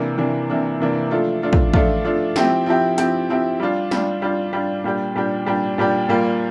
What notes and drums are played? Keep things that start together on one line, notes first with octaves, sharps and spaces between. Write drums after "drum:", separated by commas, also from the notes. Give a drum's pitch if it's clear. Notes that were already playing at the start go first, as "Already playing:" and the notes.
Already playing: C3 E3 A#3 D4
C3 E3 A#3 D4
C3 E3 A#3 D4
C3 E3 A#3 D4
F3 A3 D4 F4
F3 A3 D4 F4
drum: kick
F3 A3 D4 F4, drum: kick
F3 A3 D4 F4
F3 C4 E4 G4, drum: snare
F3 C4 E4 G4
F3 C4 E4 G4, drum: hi-hat
F3 C4 E4 G4
G3 D4 F4
G3 D4 F4, drum: snare
G3 D4 F4
G3 D4 F4
A#2 G3 D4 G4
A#2 G3 D4 G4
A#2 G3 D4 G4
A#2 G3 D4 G4
A#2 G3 A#3 F4